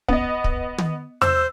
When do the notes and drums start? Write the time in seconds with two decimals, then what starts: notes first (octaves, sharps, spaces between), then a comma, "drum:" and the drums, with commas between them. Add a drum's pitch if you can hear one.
0.08 B3 D#5, drum: kick
0.44 drum: kick
0.78 drum: tom
1.22 C5 E6, drum: tom E2